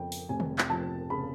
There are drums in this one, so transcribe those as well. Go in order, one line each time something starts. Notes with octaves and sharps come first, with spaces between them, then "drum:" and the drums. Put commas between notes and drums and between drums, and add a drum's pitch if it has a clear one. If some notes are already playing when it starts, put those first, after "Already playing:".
Already playing: F2 C#3 G5
drum: open hi-hat
F1 G#5
drum: tom D3
drum: clap
F3 A5
C#3 B5